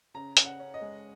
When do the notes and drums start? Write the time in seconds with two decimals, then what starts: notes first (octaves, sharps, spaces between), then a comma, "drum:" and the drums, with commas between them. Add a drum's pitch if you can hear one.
0.14 C#3 A#5
0.37 C#3, drum: hi-hat
0.45 F#5
0.59 C#4
0.74 D#5
0.81 G#3